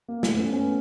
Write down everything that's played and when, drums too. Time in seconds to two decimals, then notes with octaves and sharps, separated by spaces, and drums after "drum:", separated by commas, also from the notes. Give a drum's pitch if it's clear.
0.08 A#3
0.23 A3 B3, drum: snare
0.37 B3 C#4
0.53 B3 C#4